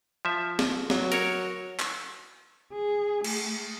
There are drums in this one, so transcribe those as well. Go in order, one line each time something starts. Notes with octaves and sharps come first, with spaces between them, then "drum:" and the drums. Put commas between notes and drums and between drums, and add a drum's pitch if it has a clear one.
F3 E5
drum: snare
F#3, drum: snare
A#4 C#5, drum: hi-hat
drum: clap
G#4
A3, drum: cymbal